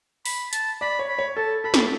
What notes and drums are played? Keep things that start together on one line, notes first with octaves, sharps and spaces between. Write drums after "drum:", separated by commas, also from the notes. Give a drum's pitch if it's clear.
B5, drum: open hi-hat
A5, drum: hi-hat
D5 B5
C#5
B5
C#5
A4 A5
A4 B5
drum: snare